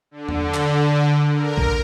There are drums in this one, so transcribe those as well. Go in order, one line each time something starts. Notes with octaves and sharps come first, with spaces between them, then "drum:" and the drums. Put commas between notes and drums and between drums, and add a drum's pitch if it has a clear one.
D3
drum: tom E2
drum: clap
A#4
drum: kick A#1